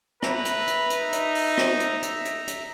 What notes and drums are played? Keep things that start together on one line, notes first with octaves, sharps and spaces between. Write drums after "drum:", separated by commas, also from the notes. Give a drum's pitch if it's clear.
B4 E5 A#5, drum: rim click
drum: hi-hat
drum: hi-hat
drum: hi-hat
D#4
drum: hi-hat
drum: open hi-hat
drum: rim click
drum: hi-hat
drum: hi-hat
drum: hi-hat
drum: hi-hat